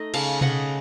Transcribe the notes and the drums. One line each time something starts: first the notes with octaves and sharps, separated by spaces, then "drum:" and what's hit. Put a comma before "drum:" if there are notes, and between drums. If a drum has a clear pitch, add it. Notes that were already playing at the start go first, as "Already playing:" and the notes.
Already playing: A3 D#4 D#5
C#3 F5 A5, drum: cymbal
C#3 D#5 F#5, drum: tom B2